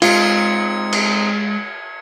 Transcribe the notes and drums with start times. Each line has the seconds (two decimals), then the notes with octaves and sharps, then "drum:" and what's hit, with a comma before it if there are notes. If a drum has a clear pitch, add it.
0.02 G#3 C4 D#4 F4 G#6 C#7, drum: cymbal
0.93 drum: cymbal